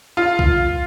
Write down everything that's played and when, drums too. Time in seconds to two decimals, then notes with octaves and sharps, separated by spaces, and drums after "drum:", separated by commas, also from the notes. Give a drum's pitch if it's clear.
0.17 F4
0.39 drum: kick B1